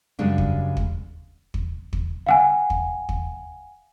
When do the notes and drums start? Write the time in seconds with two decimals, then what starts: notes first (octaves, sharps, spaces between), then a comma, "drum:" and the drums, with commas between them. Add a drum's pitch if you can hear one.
0.19 F#2 C#3 G3 G#3 D4
0.38 drum: kick
0.77 drum: kick
1.54 drum: kick
1.93 drum: kick
2.26 F5 F#5 G#5
2.70 drum: kick
3.09 drum: kick